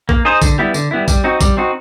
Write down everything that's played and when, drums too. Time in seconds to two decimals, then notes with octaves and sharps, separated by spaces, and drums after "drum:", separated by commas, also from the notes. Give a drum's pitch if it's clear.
0.09 A#3, drum: kick A#1
0.25 D#4 G#4 C5
0.42 D3, drum: kick A#1, tambourine
0.58 G3 B3 E4
0.74 D3, drum: tambourine
0.91 G3 B3 E4
1.08 G3, drum: kick A#1, tambourine
1.24 C4 D#4 F#4
1.41 G3, drum: kick A#1, tambourine
1.57 C4 D#4 F#4